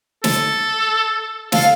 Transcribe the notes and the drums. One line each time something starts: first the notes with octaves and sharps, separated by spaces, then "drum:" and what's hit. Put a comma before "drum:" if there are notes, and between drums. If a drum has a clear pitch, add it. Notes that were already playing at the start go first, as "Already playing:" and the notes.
A4, drum: snare
A4 F5, drum: snare